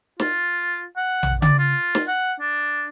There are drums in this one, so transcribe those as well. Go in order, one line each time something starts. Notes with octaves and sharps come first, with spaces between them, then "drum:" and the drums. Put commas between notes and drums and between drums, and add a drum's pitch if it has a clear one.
F4, drum: snare
F#5
drum: tom
D5, drum: tom C#3
F4
drum: snare
F#5
D4